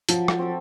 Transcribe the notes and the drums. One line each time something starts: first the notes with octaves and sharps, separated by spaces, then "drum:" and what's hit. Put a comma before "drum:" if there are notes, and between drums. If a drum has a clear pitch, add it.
F3 F#3, drum: hi-hat
drum: rim click
C4 F#4 A4